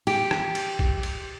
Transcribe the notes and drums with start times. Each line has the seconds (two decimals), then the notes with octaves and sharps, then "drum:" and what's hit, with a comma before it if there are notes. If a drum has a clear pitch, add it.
0.07 G4, drum: cymbal
0.31 drum: rim click
0.55 drum: cymbal
0.79 drum: kick
1.03 drum: cymbal